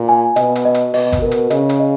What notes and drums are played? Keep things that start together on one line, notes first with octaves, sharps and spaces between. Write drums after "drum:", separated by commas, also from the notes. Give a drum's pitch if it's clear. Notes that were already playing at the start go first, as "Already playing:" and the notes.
Already playing: A#2
G#5
B2 D#5, drum: hi-hat
drum: hi-hat
D#5
drum: hi-hat
B2 D#5, drum: open hi-hat
drum: kick G#1, hi-hat
B2 A#4
drum: hi-hat
C#3 D#5, drum: hi-hat
drum: hi-hat
D#5